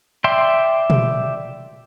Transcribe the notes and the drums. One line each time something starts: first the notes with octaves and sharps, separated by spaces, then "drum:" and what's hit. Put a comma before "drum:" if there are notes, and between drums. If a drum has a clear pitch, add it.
D5 E5 G5 C6
drum: tom